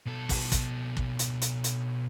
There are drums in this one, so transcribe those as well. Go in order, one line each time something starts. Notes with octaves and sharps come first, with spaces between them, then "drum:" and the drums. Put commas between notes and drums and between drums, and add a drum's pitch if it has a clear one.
B2 A4
drum: kick, open hi-hat
drum: kick, hi-hat
drum: kick
drum: hi-hat
drum: hi-hat
drum: hi-hat